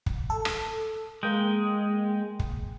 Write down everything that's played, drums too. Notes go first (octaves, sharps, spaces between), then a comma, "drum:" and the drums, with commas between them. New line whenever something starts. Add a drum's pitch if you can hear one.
drum: kick
A4
drum: rim click
G#3 A#3 G5
drum: kick